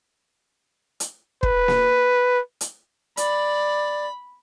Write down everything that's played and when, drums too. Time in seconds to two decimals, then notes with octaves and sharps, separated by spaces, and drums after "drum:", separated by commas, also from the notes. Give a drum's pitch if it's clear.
1.00 drum: hi-hat
1.43 B4, drum: kick
1.68 drum: snare A#3
2.61 drum: hi-hat
3.17 D5 B5, drum: hi-hat